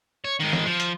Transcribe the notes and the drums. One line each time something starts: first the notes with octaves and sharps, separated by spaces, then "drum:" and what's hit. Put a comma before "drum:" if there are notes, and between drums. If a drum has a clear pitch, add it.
C#5
D#3 G#3
drum: snare
F3
drum: hi-hat